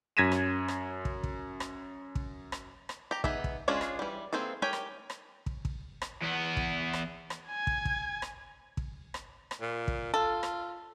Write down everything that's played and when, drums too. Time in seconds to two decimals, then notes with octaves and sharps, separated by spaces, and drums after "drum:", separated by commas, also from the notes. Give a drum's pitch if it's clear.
0.17 F#2 G#6 A#6 B6 D#7 E7
0.32 drum: rim click
0.68 drum: rim click
1.05 drum: kick
1.24 drum: kick
1.60 drum: rim click
2.15 drum: kick
2.52 drum: rim click
2.89 drum: rim click
3.11 G4 A#5
3.24 B3 D#4 G#4 E5, drum: kick
3.44 drum: kick
3.68 G#3 C#4 D4 F4 G#4
3.81 drum: rim click
3.99 E3 G3
4.33 E3 A#3 C4 G#4 A4
4.62 G4 A#4 C#5 G5 G#5
4.73 drum: rim click
5.10 drum: rim click
5.46 drum: kick
5.65 drum: kick
6.02 drum: rim click
6.22 E2 B3
6.57 drum: kick
6.93 drum: rim click
7.30 drum: rim click
7.49 G#5 G#6
7.67 drum: kick
7.85 drum: kick
8.22 drum: rim click
8.77 drum: kick
9.14 drum: rim click
9.51 drum: rim click
9.61 A#2
9.88 drum: kick
10.14 F4 A4
10.43 drum: rim click